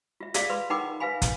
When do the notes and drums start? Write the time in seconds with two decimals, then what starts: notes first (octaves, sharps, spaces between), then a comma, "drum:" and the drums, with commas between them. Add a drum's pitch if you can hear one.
0.20 F4 E5
0.34 F4 G#4 D5 E5 F5, drum: hi-hat
0.49 B4 B5 C6
0.70 D#4 A#4 F#5 G5 B5 D6
1.00 B4 E5 F5 G#5 B5
1.22 drum: kick, hi-hat